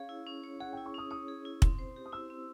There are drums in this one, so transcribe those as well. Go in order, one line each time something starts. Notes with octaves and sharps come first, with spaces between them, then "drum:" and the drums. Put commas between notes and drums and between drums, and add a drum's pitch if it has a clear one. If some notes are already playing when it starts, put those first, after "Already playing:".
Already playing: C#4 G#4 C#5 F5
E4
C#4
C#5
G#4 F#5
E4 G5
C#6
C#4 D#6
C#5 D#6
G#4
E4
C4, drum: kick
C5
G4
D#6
E4 E6
C4